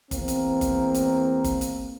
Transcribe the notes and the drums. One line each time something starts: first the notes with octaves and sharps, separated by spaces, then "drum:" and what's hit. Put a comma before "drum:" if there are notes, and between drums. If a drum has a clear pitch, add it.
E2 A#3 C4, drum: kick G1, hi-hat
drum: hi-hat
drum: kick G1, hi-hat
drum: hi-hat
drum: kick G1, hi-hat
drum: hi-hat